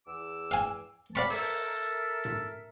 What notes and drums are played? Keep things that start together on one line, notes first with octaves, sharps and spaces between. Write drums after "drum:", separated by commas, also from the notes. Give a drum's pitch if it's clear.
E2 D6 E6
F5 G#5
D5 F5 A5 B5 C#6
A4 A#4 E5, drum: open hi-hat
drum: tom